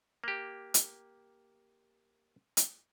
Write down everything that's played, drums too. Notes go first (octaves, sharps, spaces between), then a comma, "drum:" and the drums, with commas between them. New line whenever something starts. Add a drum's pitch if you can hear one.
A#3 G4
drum: hi-hat
drum: hi-hat